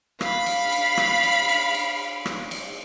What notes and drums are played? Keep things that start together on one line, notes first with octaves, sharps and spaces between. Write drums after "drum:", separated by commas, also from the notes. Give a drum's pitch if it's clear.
F5 B5, drum: rim click
drum: cymbal
drum: cymbal
drum: rim click
drum: cymbal
drum: cymbal
drum: cymbal
drum: rim click
drum: cymbal